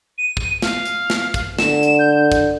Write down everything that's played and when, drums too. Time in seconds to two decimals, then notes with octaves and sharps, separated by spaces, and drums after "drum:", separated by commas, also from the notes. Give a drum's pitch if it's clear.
0.18 D#7
0.37 drum: kick
0.62 F5, drum: snare
0.85 drum: hi-hat
1.10 drum: snare
1.34 drum: kick, hi-hat
1.59 D3 E7, drum: snare
1.83 drum: hi-hat
1.99 G6
2.32 drum: kick, hi-hat